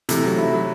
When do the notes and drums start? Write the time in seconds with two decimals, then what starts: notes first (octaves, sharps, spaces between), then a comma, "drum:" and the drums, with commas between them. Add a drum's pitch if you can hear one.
0.09 C3 E3 A3, drum: hi-hat
0.24 F#3
0.38 E4
0.52 F#3